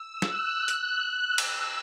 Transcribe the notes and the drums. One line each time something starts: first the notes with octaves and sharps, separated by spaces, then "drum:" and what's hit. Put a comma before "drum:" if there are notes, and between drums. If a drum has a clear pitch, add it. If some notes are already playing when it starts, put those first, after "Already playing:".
Already playing: E6
F#6, drum: snare
drum: hi-hat
F#6
E6
drum: cymbal